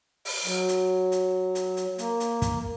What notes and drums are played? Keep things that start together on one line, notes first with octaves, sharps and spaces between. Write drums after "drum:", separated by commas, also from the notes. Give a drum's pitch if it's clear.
drum: open hi-hat
F#3, drum: hi-hat
drum: hi-hat
drum: hi-hat
drum: hi-hat
drum: hi-hat
A#3, drum: hi-hat
drum: hi-hat
drum: kick, hi-hat